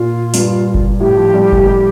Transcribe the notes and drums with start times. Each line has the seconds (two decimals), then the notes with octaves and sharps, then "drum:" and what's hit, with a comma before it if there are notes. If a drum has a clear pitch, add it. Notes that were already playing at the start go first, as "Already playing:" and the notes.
Already playing: A#2 F4
0.34 G2, drum: open hi-hat
0.74 drum: kick F#1
1.00 A2 G4
1.17 F3
1.34 G3
1.52 drum: kick F#1
1.67 G3